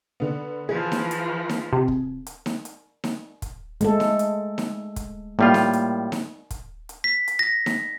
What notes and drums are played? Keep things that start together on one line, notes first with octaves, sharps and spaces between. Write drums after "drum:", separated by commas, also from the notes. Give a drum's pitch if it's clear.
D3 B3
E3 F3 G#4
drum: snare D#4
drum: hi-hat
drum: snare D#4
C3
drum: kick
drum: hi-hat
drum: snare D#4
drum: hi-hat
drum: snare D#4
drum: kick, hi-hat
G#3 A3 A4, drum: hi-hat
drum: snare D#4
drum: hi-hat
drum: snare D#4
drum: kick, hi-hat
A2 G3 A#3 F4
drum: snare D#4
drum: hi-hat
drum: snare D#4
drum: kick, hi-hat
drum: hi-hat
B6
drum: hi-hat
A#6
drum: snare D#4